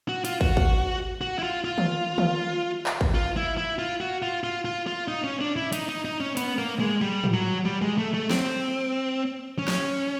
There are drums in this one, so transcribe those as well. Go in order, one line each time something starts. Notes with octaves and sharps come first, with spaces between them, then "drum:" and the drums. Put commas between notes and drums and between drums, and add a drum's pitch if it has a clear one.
F#4
F4, drum: hi-hat
F#4, drum: kick
drum: kick
F#4
E4
F4
F4
drum: tom
drum: tom
drum: clap
drum: kick
F4
E4
E4
F4
F#4
F4
F4
F4
F4
D#4
C#4
D4
E4
D#4, drum: hi-hat
D#4
D#4
C#4
B3, drum: hi-hat
A#3
G#3
G3
drum: tom
F#3
G3
G#3
A3
A3
C4, drum: snare
C#4
drum: snare